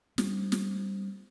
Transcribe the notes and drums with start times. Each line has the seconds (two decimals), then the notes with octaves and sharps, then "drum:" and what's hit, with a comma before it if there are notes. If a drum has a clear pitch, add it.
0.18 G3 C4 D4, drum: snare
0.52 drum: snare